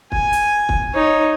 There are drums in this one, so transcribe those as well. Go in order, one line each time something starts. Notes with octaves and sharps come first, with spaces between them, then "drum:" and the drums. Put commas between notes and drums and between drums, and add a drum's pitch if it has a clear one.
G#5, drum: kick
drum: hi-hat
drum: kick
D#4 C#5